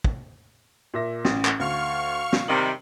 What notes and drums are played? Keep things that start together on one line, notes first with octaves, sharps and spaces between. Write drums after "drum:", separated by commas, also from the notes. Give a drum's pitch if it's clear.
drum: kick
A#2 E5 A#6
A1, drum: snare
drum: clap
D2 F5 C#6 F6
drum: snare
C3 D#3 G3 F#7